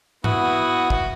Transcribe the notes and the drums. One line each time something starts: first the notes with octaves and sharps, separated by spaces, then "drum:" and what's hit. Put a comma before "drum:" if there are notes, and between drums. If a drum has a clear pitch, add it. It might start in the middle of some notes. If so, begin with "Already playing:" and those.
B3 E4 F#4 D#6, drum: tom G#2
drum: kick